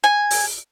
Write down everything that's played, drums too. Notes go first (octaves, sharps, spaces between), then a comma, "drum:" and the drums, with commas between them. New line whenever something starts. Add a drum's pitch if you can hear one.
G#5
drum: open hi-hat